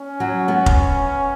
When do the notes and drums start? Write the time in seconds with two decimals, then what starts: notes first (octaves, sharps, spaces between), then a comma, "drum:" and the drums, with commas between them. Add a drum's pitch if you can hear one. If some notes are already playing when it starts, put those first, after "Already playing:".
Already playing: C#4
0.20 F#3
0.48 B3
0.66 drum: kick F1